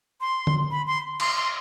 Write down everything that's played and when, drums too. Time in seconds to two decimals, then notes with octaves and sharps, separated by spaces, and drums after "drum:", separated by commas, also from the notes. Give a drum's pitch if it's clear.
0.21 C6
0.47 drum: tom D3
0.71 B5
0.87 C6
1.20 C6, drum: cymbal
1.36 C6